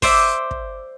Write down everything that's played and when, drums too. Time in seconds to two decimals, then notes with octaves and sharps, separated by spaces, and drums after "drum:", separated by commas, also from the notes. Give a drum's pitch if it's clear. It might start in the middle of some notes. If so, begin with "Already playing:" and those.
0.02 C5 D5 E5, drum: kick, open hi-hat
0.51 drum: kick